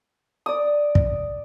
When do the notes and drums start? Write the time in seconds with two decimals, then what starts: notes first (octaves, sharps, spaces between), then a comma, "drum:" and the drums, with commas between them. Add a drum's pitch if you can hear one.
0.46 D5 D#6
0.95 drum: kick